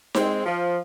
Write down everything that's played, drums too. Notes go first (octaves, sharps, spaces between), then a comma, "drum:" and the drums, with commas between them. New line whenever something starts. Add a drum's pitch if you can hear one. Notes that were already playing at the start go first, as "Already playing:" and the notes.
G#3 C4, drum: snare D#4
F3